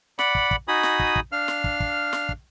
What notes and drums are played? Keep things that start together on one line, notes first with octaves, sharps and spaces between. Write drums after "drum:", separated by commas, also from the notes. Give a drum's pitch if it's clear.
D5 F#5 B5, drum: snare
drum: kick
drum: kick
D#4 F#4 G#5 B5 D#6
drum: snare
drum: kick
drum: kick
D4 F5 F6
drum: snare
drum: kick
drum: kick
drum: snare
drum: kick